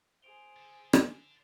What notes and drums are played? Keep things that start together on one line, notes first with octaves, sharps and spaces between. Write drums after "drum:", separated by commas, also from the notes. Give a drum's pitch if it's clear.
G#4 C5 D7 F7 G7
D3 A4
drum: rim click